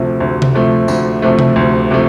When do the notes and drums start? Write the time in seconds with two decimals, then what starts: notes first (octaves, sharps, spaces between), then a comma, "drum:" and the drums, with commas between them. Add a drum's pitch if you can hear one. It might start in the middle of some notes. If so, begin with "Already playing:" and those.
Already playing: D2 C3 F3 A3
0.20 D2
0.42 drum: tom C3
0.55 C3 F3 A3
0.88 D2, drum: tambourine
1.22 C3 F3 A3
1.39 drum: tom C3
1.56 D2
1.91 C3 F3 A3